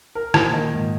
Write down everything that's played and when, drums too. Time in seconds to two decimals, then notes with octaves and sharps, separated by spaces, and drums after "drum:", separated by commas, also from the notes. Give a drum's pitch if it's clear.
0.15 A#4
0.34 A#2, drum: rim click
0.54 D#3
0.73 G#2